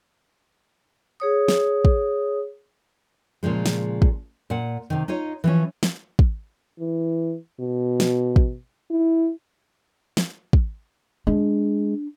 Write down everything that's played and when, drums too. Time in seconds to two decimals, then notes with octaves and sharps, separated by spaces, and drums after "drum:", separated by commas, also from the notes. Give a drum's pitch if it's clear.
1.20 G#4 C#5 D#6
1.48 drum: snare
1.85 drum: kick
3.43 A#2 C#3 F3 G#3
3.66 drum: snare
4.02 drum: kick
4.50 A#2 F#5
4.90 C3 D#3
5.08 D#4 F4 C#5 D#5
5.44 E3 F3 C#4
5.83 drum: snare
6.19 drum: kick
6.79 E3
7.60 B2
8.00 drum: snare
8.36 drum: kick
8.90 E4
10.17 drum: snare
10.53 drum: kick
11.27 G#3 D4